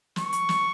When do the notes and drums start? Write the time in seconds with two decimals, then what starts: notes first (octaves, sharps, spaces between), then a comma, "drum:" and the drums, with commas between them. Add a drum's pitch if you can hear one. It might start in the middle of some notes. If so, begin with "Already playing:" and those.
0.16 C#6, drum: snare
0.33 drum: hi-hat
0.49 drum: snare